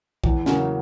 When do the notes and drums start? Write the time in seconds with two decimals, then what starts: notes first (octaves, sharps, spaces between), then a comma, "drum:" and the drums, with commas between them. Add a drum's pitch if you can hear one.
0.24 E2, drum: kick A#1
0.46 C#3 F#3 A#3, drum: snare